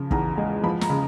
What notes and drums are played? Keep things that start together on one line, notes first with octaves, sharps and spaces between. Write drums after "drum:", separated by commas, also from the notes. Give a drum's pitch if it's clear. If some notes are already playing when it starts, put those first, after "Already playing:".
Already playing: C#3 F3
E2 A#5, drum: kick
G#3
F3 B5
A#5, drum: snare
C#3